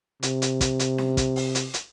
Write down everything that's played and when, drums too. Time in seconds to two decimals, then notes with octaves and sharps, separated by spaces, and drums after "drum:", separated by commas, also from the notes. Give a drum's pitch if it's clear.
0.23 C3, drum: hi-hat
0.42 drum: hi-hat
0.61 drum: kick, hi-hat
0.79 drum: hi-hat
0.98 drum: snare C#4
1.17 drum: kick, hi-hat
1.36 drum: open hi-hat
1.55 drum: hi-hat
1.74 drum: hi-hat